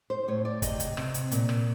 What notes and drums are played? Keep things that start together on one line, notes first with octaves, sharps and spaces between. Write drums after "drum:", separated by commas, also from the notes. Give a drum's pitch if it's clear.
C5
A2 C#5
D5
C3 D#5, drum: kick, hi-hat
drum: hi-hat
C3, drum: rim click
drum: hi-hat
A#2, drum: hi-hat
drum: rim click